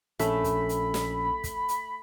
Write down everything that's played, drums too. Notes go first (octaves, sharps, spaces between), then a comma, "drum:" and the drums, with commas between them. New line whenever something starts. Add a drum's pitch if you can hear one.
A#1 A3 C#4 B5 E6, drum: hi-hat
drum: kick, hi-hat
drum: hi-hat
drum: snare
drum: kick, hi-hat
drum: hi-hat